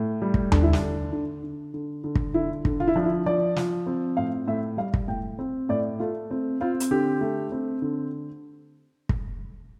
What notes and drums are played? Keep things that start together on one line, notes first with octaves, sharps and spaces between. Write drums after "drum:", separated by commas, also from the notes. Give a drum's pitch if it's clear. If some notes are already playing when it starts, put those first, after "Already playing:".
Already playing: A2
G3
drum: kick
D3 D4, drum: tom D#2
E4
D4, drum: snare
D3
D3
D3
D3
D3
drum: kick
D3 E4
D3, drum: kick
F4
E4
F3 D4
E4
F3 D5
F3, drum: snare
C4
A2 F5
A2 E5
G3 F5
drum: kick
A2 G5
C4
A2 D5
A3 F4
C4
C4 F4
drum: hi-hat
D3 G4
A3
C4
D3
drum: kick